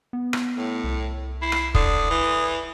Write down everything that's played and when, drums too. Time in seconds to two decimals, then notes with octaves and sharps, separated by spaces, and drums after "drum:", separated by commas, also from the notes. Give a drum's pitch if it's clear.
0.13 B3
0.33 drum: rim click
0.57 A2
0.84 C2
1.42 E4 C7
1.52 drum: rim click
1.75 D3 D#6, drum: kick
2.10 E3